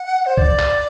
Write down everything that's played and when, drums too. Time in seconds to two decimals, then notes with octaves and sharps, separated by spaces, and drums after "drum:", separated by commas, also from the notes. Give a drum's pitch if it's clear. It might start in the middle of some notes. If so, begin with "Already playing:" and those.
Already playing: F#5
0.26 C5
0.38 D5, drum: kick
0.59 drum: clap